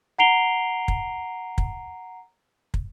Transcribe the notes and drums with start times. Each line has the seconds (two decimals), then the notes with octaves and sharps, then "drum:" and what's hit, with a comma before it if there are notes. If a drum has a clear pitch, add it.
0.18 F#5 A#5 C7 D7 F7 G7
0.88 drum: kick
1.58 drum: kick
2.74 drum: kick